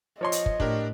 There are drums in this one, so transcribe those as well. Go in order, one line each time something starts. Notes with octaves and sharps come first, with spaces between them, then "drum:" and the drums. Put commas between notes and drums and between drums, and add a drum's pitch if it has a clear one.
F3 C#5 D#5 C6
drum: hi-hat
drum: kick
A2 D4 G4 A#4, drum: kick